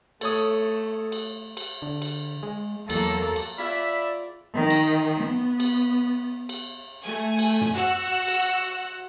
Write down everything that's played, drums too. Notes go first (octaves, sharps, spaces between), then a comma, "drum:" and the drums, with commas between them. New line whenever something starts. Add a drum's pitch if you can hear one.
A3 A4 C#5 D#6, drum: cymbal
drum: cymbal
drum: cymbal
D3
drum: cymbal
G#3
E2 F#3 A#3 A4, drum: cymbal
drum: cymbal
F4 G#4 B4 D5 E5 B5
D#3
drum: cymbal
B3
drum: cymbal
drum: cymbal
A3 G#5
drum: cymbal
drum: tom
F#4 F#5 E6
drum: cymbal